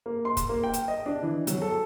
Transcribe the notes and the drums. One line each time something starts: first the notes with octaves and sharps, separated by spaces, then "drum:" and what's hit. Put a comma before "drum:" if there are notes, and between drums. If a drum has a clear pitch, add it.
A#3
C6
drum: kick, hi-hat
A#3
G5
drum: hi-hat
D#5
D4
E3
F#3, drum: hi-hat
A4